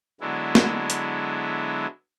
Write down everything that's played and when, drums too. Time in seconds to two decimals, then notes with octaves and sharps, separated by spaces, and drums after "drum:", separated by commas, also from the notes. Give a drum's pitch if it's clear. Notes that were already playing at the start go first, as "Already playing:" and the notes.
0.21 D3 F#3 G#3 B3 E4
0.55 drum: snare
0.90 drum: hi-hat